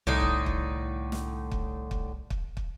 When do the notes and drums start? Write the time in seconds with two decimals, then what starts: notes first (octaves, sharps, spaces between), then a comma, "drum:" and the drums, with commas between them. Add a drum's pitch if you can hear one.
0.07 C2 A2 D3 D#4
0.20 drum: kick
0.46 drum: kick
1.12 drum: snare
1.51 drum: kick
1.91 drum: kick
2.30 drum: kick
2.57 drum: kick